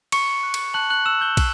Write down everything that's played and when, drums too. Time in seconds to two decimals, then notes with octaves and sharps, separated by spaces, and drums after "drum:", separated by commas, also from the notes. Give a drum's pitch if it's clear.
0.12 B5 C#6 C#7, drum: cymbal
0.43 F#6
0.54 drum: cymbal
0.74 A5 F#6 F#7
0.90 F#6 F#7
1.06 E6 E7
1.21 G6 G7
1.37 G6, drum: kick, cymbal